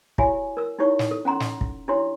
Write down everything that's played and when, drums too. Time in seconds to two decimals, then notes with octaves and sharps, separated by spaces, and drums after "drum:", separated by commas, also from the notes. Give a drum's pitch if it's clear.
0.18 E4 F#4 G4 C#5 E5 G#5, drum: kick
0.57 A#4 E6
0.79 D#4 E4 G4 C#5 C#6
0.99 drum: snare
1.11 A4
1.25 C#4 F#5 A#5 C6
1.40 drum: snare
1.61 drum: kick
1.88 D4 E4 F#4 G4 C#5 C6